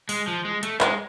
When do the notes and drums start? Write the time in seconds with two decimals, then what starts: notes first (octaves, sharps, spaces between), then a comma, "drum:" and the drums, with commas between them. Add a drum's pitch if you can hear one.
0.09 G#3, drum: open hi-hat
0.28 F3
0.45 G#3
0.63 A3, drum: hi-hat
0.81 G#3, drum: clap